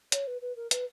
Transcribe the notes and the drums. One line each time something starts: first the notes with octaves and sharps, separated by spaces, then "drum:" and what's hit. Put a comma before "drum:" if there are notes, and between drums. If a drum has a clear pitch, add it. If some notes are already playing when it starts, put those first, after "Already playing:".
C#5, drum: hi-hat
B4
B4
A#4
B4, drum: hi-hat